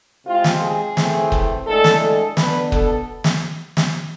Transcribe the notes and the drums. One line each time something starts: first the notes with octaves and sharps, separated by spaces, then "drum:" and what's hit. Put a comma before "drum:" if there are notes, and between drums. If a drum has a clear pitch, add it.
C3 G#3 C4 F4
drum: snare
G#4
A2 E3 A3 C4, drum: snare
drum: kick
A2 G#3 D4 A4
drum: snare
A4
B2 B3 D4 B4, drum: snare
A4, drum: kick
drum: snare
drum: snare